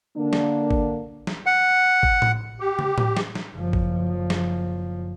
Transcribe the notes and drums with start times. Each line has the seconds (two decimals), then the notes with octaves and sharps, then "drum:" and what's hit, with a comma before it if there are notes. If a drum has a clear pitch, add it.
0.17 D3 A#3 D4
0.33 drum: snare
0.71 drum: kick G#1
1.27 drum: snare
1.46 F#5
2.03 drum: kick G#1
2.22 drum: tom A2
2.60 G4
2.79 drum: tom
2.98 drum: tom A2
3.17 drum: snare
3.35 drum: snare
3.56 F#1 F3
3.73 drum: kick G#1
4.30 drum: snare